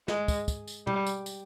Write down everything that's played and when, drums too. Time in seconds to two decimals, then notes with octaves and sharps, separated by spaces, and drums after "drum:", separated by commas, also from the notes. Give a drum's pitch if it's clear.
0.08 G#3, drum: snare
0.28 drum: kick, tambourine
0.48 drum: kick, tambourine
0.67 drum: tambourine
0.87 G3, drum: tom
1.07 drum: tambourine
1.26 drum: tambourine